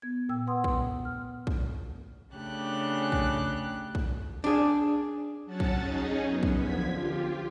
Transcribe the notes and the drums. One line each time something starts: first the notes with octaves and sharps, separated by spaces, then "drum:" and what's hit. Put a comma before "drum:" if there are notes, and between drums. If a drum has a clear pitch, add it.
B3 G#6
A#2 G5 E6
B4 F#5 C6 D#6
drum: kick
F6
drum: kick
C#3 A3 D4 G4 F#6
drum: kick
drum: kick
D4 G#4
F#3 C#4 F#4 A5 A6
drum: kick
C#4 D#4 G#4
F#2 B3
drum: kick
D3 F3 G#6 B6
F4 G4